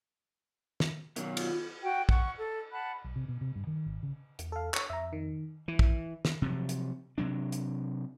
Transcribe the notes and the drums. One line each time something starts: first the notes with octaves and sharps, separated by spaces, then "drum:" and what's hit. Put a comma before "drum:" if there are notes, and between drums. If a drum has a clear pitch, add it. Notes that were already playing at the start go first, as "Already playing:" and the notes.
drum: snare
B2 D#3 F#3, drum: hi-hat
F4, drum: cymbal
F#4 G5
F#5 C#6, drum: kick
A4
F#5 A5 B5 F#6
B1
C3
B2
C3
G2
D#3
G#1
C#3
E2, drum: hi-hat
A4 F5
C#5 C#6, drum: clap
F2 E5 A#5
D#3
E3
drum: kick
drum: snare
C3 F3 F#3
drum: hi-hat
C3 F#3 D4
drum: hi-hat